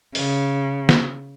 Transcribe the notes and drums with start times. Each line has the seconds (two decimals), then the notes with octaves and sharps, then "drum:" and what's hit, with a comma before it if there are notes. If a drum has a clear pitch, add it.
0.15 C#3, drum: open hi-hat
0.89 drum: snare